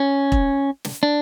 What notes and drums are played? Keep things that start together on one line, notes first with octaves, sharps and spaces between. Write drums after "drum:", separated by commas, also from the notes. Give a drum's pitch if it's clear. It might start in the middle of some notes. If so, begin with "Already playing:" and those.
Already playing: C#4
drum: kick E1
drum: snare
D4